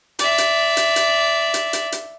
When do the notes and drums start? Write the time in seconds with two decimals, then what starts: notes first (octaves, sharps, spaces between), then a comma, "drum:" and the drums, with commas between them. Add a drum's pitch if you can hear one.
0.19 D5 E5, drum: hi-hat
0.38 drum: hi-hat
0.77 drum: hi-hat
0.96 drum: hi-hat
1.54 drum: hi-hat
1.73 drum: hi-hat
1.92 drum: hi-hat